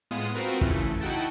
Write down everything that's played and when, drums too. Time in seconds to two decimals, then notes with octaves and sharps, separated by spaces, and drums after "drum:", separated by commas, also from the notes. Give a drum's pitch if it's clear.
0.11 A2 G#3 B3 F4 D#6
0.35 C4 F4 F#4 A#4 B4
0.61 C#3 E3 A3, drum: kick
1.01 D#4 E4 F#4 F#5 G5 A5